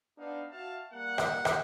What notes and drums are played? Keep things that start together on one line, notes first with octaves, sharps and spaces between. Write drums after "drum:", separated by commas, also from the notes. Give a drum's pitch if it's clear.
B3 D4 D#4 F5
F#4 E5 F5 A5
G3 A#3 F#5
drum: rim click
drum: rim click